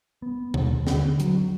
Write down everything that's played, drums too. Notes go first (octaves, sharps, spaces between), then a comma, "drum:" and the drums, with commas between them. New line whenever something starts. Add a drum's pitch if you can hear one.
B3
D#2, drum: tom B2
D3, drum: snare
F#3, drum: hi-hat